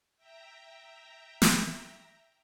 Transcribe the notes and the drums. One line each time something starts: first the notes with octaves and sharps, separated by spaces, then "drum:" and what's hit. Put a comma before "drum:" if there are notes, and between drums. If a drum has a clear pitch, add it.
E5 G5 A#5
drum: snare